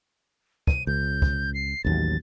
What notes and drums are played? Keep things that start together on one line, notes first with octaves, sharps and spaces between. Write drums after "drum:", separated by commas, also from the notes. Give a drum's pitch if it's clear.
D#7, drum: kick
C#2 G6
drum: kick
C7
A1 D#2 F#3 A6